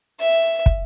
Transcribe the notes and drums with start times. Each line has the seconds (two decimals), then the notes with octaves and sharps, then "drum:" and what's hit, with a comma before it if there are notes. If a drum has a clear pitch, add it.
0.20 E5
0.66 drum: kick